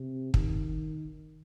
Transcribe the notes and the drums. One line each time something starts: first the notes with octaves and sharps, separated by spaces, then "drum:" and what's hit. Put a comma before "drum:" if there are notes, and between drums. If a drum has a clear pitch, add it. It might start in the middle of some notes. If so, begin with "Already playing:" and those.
Already playing: C3
D#3, drum: kick